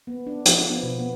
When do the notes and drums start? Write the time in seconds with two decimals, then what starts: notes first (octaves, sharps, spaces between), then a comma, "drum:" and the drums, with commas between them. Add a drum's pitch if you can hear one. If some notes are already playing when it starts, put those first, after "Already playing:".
0.07 B3
0.27 D4
0.46 F3, drum: hi-hat
0.70 B3
0.83 B2
0.99 B3